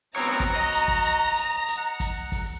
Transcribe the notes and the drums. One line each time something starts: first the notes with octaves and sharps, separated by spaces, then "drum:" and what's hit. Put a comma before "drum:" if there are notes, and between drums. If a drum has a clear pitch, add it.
B3 C4 F#4 C#5 A#5
drum: kick, open hi-hat
D#5
drum: hi-hat
drum: kick
drum: hi-hat
drum: hi-hat
drum: hi-hat
F#5
drum: kick, hi-hat
drum: kick, open hi-hat